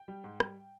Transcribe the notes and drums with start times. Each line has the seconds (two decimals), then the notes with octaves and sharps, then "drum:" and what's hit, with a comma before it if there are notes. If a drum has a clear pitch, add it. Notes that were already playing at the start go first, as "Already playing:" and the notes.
Already playing: G5
0.08 G3
0.24 G#2
0.40 G3, drum: rim click